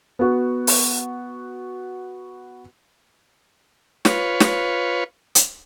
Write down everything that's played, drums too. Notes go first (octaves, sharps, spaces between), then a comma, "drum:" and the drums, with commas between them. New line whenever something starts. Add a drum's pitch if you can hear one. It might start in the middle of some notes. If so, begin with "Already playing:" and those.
B3 F#4
drum: open hi-hat
F4 B4 C#5, drum: snare
drum: snare
drum: hi-hat